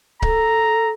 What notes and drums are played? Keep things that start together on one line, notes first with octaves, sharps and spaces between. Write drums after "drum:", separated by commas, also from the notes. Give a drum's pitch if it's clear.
A4 A#5, drum: kick C#1